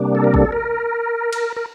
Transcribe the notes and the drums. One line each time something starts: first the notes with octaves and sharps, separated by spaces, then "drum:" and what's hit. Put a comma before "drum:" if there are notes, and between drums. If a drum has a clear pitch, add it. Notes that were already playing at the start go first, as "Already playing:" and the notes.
Already playing: C3 G3 A#3 D4
A4
A#4
A4, drum: kick A1
A#4
drum: cymbal
A#4